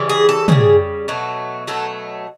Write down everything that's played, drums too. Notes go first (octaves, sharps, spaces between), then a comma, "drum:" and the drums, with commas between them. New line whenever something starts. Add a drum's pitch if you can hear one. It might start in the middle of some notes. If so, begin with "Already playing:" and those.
Already playing: C#3 E3 G3
G#4
A4
C#3 E3 G3 G#4, drum: tom
B2 F#3 A3
B2 F#3 A3 A4